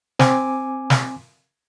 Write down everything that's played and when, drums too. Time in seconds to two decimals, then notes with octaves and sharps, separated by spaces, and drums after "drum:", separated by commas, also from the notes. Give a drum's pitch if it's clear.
0.19 C4 G#5 D6, drum: snare
0.90 drum: snare